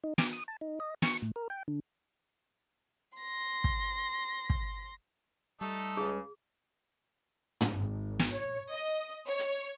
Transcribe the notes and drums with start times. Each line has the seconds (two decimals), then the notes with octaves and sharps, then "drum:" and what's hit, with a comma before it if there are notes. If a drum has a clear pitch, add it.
0.04 D#4
0.18 D6, drum: snare
0.33 D#6
0.48 A5
0.61 D#4
0.80 D#5
1.02 C#6, drum: snare
1.22 A2
1.36 A#4
1.50 G5
1.68 D3
3.18 C6 A#6
3.64 drum: kick
4.50 drum: kick
5.61 G3 A3 D#4 A4
5.97 C#2 C#3 G#4
7.61 drum: tom
7.71 G#1
8.19 drum: snare
8.31 C#5
8.71 D#5
9.27 C#5
9.39 drum: hi-hat